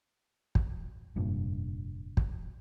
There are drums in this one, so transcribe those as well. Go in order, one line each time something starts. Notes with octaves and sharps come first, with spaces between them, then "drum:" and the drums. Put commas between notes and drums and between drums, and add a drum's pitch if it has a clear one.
drum: kick
F1 G2 A#2
drum: kick